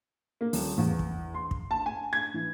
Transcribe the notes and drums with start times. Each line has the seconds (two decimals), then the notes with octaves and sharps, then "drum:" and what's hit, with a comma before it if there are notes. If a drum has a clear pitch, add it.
0.41 A#3
0.53 D#1, drum: open hi-hat
0.78 E2
0.99 drum: kick
1.34 C6
1.51 drum: kick
1.71 A5
1.86 G#5
2.13 G#6
2.34 E3